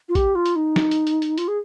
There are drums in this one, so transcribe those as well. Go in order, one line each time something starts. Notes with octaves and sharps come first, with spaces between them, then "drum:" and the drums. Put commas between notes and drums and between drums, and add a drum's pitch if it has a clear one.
F4
G4, drum: kick A#1, hi-hat
F4
drum: hi-hat
D#4
drum: snare
drum: hi-hat
drum: hi-hat
drum: hi-hat
F4, drum: hi-hat
G#4